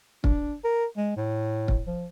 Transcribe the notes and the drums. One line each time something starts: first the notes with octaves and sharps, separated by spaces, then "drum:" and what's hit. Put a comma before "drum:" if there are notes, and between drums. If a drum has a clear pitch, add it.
D4, drum: kick
A#4
G#3
A2
drum: kick
F3